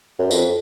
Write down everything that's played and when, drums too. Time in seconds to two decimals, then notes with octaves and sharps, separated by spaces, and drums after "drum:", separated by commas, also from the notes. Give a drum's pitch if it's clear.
0.19 F#2
0.31 F2, drum: tambourine